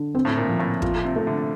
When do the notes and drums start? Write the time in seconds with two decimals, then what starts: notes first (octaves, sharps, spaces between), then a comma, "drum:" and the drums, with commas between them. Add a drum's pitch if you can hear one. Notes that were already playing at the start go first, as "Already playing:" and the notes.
Already playing: D3
0.15 C4
0.25 A2
0.37 A#2
0.49 F3
0.59 A2
0.82 F4, drum: kick
1.05 C3
1.16 A3
1.27 D3